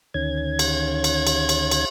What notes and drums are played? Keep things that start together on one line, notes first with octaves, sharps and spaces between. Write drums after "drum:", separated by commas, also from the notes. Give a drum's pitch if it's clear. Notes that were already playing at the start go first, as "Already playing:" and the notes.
D2 D#3 C#4 G#6
drum: cymbal
drum: cymbal
drum: cymbal
drum: cymbal
drum: cymbal